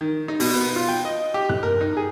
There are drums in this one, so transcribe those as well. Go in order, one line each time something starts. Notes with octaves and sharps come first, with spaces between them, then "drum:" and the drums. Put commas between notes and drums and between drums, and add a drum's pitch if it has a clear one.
D#3
D#4
B2, drum: open hi-hat
B3
F4
G5
D#5
G4
F#6, drum: tom
A#4
D#4
G#4